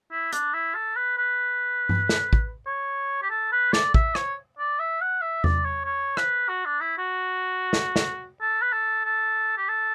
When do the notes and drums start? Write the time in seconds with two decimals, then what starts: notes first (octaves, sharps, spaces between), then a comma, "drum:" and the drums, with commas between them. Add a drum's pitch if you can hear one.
0.12 E4
0.32 D4, drum: hi-hat
0.54 E4
0.75 A4
0.96 B4
1.18 B4
1.89 drum: tom G2
2.09 drum: snare
2.33 drum: kick
2.67 C#5
3.23 G4
3.31 A4
3.52 B4
3.73 D5, drum: snare
3.94 E5, drum: kick
4.15 C#5, drum: rim click
4.59 D5
4.80 E5
5.01 F#5
5.21 E5
5.44 D5, drum: tom E2
5.65 C#5
5.85 C#5
6.17 B4, drum: rim click
6.49 F#4
6.66 D4
6.81 E4
6.98 F#4
7.73 drum: snare
7.96 drum: snare
8.42 A4
8.62 B4
8.73 A4
9.05 A4
9.58 G4
9.69 A4